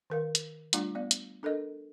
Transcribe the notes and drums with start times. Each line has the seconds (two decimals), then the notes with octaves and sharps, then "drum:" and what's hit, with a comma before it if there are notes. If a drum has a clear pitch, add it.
0.10 D#3 A#4 F5
0.35 drum: hi-hat
0.73 G3 A3 D4 F4, drum: hi-hat
0.95 B3 D5 F5
1.11 drum: hi-hat
1.43 D4 A4 A#4 D#5